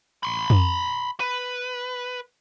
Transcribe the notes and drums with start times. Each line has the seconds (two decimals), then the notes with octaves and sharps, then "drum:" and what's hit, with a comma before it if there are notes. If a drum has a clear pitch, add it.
0.23 B5 C6
0.50 drum: tom F2
1.20 B4